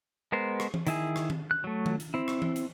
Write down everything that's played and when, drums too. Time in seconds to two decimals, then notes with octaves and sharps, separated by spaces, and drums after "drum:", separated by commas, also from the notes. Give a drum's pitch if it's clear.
0.32 G#3 B3 A#4 C5
0.60 drum: rim click
0.74 drum: tom E3
0.87 D#3 E4 G#4, drum: hi-hat
1.16 drum: rim click
1.30 drum: tom D#3
1.51 F#6
1.64 F#3 A3
1.86 drum: tom D#3
2.00 drum: hi-hat
2.14 C4 E4
2.28 drum: rim click
2.42 drum: tom E3
2.56 drum: hi-hat